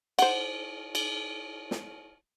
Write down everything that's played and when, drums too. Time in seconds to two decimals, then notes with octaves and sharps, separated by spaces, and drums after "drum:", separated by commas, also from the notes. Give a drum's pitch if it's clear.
0.19 C5 F#5, drum: cymbal
0.95 drum: cymbal
1.71 drum: snare